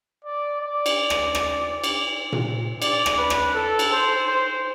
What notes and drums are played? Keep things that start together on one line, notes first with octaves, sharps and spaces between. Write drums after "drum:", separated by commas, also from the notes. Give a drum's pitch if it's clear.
D5
D5
drum: cymbal
drum: rim click
drum: rim click
drum: cymbal
drum: tom A#2
D5, drum: cymbal
drum: rim click
B4
drum: rim click
A4
drum: cymbal
C5
C5